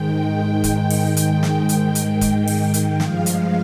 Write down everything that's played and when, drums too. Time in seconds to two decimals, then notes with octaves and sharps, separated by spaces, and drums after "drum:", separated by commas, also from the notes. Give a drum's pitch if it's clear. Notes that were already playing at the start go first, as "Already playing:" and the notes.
Already playing: G#2 D#3 G#3 G5
0.64 G5, drum: kick E1, hi-hat
0.90 drum: open hi-hat
1.17 drum: hi-hat
1.43 drum: snare
1.69 drum: hi-hat
1.95 drum: hi-hat
2.21 drum: kick E1, hi-hat
2.47 drum: open hi-hat
2.74 drum: hi-hat
3.00 G2 F3 G#3 F5, drum: snare
3.26 drum: hi-hat